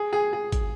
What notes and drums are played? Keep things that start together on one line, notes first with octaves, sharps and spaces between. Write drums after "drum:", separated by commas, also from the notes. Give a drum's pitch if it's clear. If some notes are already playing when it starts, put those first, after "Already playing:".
Already playing: G#4
G#4
G#4
drum: kick, hi-hat